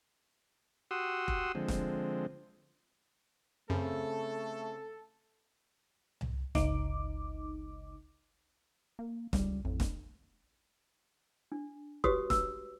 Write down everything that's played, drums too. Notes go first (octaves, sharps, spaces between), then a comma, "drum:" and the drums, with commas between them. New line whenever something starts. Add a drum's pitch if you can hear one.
F#4 G4 F#5 C6 D#6 E6
drum: kick F1
D3 F3 G#3 C4
drum: snare E1
F#2 C#3 A3 C4 A4
drum: tom C2
G1 C#2 D#4 D6, drum: snare E1
A#3
C#2 G3, drum: snare E1
A1 F2
drum: snare E1
D4
F#4 G4 B4 C#5 D#6, drum: kick F1
E6, drum: snare E1